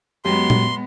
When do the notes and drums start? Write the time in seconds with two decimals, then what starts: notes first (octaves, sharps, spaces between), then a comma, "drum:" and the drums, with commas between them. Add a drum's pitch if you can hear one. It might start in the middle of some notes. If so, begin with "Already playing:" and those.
0.25 F#2 G#3 B3 G4 C6
0.50 drum: tom A#2